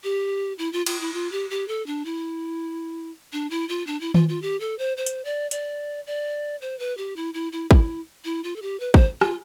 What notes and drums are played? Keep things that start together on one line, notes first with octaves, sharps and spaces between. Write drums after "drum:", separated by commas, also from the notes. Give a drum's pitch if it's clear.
G4
E4
F4
F4, drum: cymbal
E4
F4
G4
G4
A4
D4
E4
D4
E4
F4
D4
E4
F4, drum: tom D#3
F4
G4
A4
C5
C5
drum: hi-hat
D5
D5, drum: hi-hat
D5
C5
B4
G4
E4
E4
E4
E4, drum: kick
E4
F4
A4
G4
B4
C5, drum: kick
F4, drum: rim click